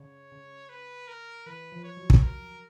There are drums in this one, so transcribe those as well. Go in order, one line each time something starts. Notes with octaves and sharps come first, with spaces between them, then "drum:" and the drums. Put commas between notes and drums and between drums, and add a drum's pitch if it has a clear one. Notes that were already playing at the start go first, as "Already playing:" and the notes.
Already playing: C#3 C#5
C#3
B4
A#4
E3 B4
F3
C#5
F#3
drum: kick
A#4